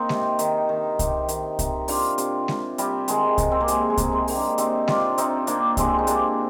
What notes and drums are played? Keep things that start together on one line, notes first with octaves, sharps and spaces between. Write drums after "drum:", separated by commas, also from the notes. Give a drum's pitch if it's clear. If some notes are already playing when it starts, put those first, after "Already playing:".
Already playing: D#3 A#3 C4 D#4
C3, drum: snare G#3
D#3, drum: hi-hat
D#3
C3, drum: kick C2, hi-hat
D#3, drum: hi-hat
C3, drum: kick C2, hi-hat
C3 D4 F4, drum: open hi-hat
C3, drum: hi-hat
C3, drum: snare G#3
C3 G3, drum: hi-hat
D#3 G#3, drum: hi-hat
C3, drum: kick C2, hi-hat
C4
A#3
C3 G#3, drum: hi-hat
G#3
C3, drum: kick C2, hi-hat
G#3 C4
D#3, drum: open hi-hat
A#3 D4
C3 C4 D#4, drum: hi-hat
C3 D4 F4, drum: snare G#3
C3 C4 D#4, drum: hi-hat
C3 A#3 D4, drum: hi-hat
C3 G#3 C4, drum: kick C2, hi-hat
D#4
C3 A#3 D4, drum: hi-hat